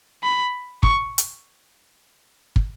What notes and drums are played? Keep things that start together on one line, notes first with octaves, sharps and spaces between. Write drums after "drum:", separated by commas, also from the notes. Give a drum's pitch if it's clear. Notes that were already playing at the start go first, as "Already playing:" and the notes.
B5
C#6, drum: kick
drum: hi-hat
drum: kick